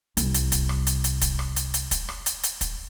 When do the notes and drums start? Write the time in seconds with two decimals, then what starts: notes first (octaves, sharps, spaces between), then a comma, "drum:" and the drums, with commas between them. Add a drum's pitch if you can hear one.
0.17 C2 C3, drum: hi-hat
0.34 drum: hi-hat
0.52 drum: kick, hi-hat
0.69 drum: rim click
0.87 drum: hi-hat
1.04 drum: hi-hat
1.21 drum: kick, hi-hat
1.39 drum: rim click
1.56 drum: hi-hat
1.74 drum: hi-hat
1.91 drum: kick, hi-hat
2.09 drum: rim click
2.26 drum: hi-hat
2.43 drum: hi-hat
2.61 drum: kick, hi-hat